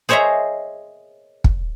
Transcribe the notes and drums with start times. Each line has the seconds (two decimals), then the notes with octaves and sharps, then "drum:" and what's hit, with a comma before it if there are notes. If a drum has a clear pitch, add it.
0.09 G#4 C5 C#5 D#5 E5 A#5
1.44 drum: kick